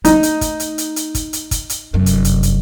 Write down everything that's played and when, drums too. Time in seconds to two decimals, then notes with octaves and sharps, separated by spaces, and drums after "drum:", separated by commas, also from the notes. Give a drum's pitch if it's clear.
0.05 A3 D#4, drum: kick, hi-hat
0.23 drum: hi-hat
0.41 drum: kick, hi-hat
0.60 drum: hi-hat
0.78 drum: hi-hat
0.96 drum: hi-hat
1.15 drum: kick, hi-hat
1.33 drum: hi-hat
1.51 drum: kick, hi-hat
1.70 drum: hi-hat
1.94 F1 F#2
2.06 drum: hi-hat
2.25 drum: hi-hat
2.43 drum: hi-hat